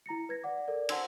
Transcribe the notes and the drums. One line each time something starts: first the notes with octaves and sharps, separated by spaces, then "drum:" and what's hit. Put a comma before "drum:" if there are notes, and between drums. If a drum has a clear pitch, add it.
E4 A#5 A#6 C#7
B4 G#6 A#6
D5 F#5 D6
A4 A#4 D5
C5 F#5 A5 C6 E6 G#6, drum: cymbal